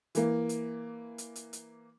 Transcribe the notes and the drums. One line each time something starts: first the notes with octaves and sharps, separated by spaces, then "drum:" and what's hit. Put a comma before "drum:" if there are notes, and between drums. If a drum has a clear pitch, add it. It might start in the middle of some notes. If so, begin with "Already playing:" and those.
E3 A#3, drum: hi-hat
drum: hi-hat
drum: hi-hat
drum: hi-hat
drum: hi-hat